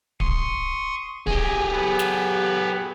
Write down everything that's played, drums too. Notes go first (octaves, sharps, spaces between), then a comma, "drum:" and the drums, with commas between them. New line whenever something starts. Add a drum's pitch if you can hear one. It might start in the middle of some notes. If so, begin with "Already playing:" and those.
C6 C#6 D#6, drum: kick D1
G4 G#4 D#5 G#5, drum: kick D1
F#3 B3 B4
drum: snare